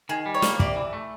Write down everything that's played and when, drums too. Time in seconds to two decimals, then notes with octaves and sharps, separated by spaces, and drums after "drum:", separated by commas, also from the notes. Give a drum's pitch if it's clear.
0.09 D#3 G#4
0.26 G3
0.34 C#5
0.42 A#3, drum: snare
0.59 C3 D5, drum: kick
0.76 E3
0.93 A3